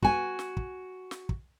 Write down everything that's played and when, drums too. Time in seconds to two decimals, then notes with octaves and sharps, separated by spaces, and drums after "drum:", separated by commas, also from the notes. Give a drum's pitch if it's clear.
0.03 F#4 G#5, drum: kick
0.39 drum: snare
0.57 drum: kick
1.11 drum: snare
1.29 drum: kick